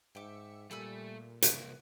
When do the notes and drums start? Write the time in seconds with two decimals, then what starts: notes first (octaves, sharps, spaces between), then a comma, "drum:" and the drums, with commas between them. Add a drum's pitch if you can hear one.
0.15 G#2 E5 G5 D6 C#7
0.71 A#2 G3 A3 A4 G#5 B5 E6
1.42 C2 F2 A#3 B4, drum: hi-hat